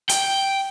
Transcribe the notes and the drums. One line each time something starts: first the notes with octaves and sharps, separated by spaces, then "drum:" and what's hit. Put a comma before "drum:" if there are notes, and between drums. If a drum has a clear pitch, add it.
G5, drum: hi-hat